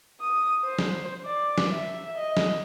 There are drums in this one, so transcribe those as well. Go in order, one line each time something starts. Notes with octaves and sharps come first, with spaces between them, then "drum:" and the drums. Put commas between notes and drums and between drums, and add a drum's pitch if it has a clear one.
D#6
C5
drum: snare
D5
drum: snare
E5
D#5
drum: snare